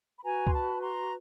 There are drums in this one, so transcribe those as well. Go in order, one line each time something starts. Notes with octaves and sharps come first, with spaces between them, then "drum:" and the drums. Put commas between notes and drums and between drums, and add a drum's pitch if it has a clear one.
B5
F#4 B4 G#5 A#5
C6, drum: kick
A5 B5
A#5 C6